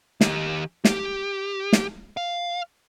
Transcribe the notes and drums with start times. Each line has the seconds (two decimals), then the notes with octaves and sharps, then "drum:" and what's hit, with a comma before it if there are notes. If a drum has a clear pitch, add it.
0.21 D#3 G4, drum: snare
0.85 G4, drum: snare
1.73 drum: snare
2.17 F5